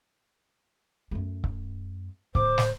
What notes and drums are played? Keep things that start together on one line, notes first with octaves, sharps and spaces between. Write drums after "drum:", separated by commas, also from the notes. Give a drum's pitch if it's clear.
F#2 A3
drum: kick C#1
A2 D3 C5 D6, drum: kick C#1
drum: snare